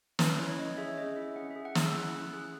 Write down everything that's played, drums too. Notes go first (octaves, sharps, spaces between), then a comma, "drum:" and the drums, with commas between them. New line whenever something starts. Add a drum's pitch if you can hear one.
C#4 B4, drum: snare
E4 C#5
C#5
C#4 D#5
G#4 E5
C#4 D#5
E4 E5
C#4 F#5
E5
G#4
F#5
C#4 E6, drum: snare
E4 F#6
C#4 F#6
G#4 F#6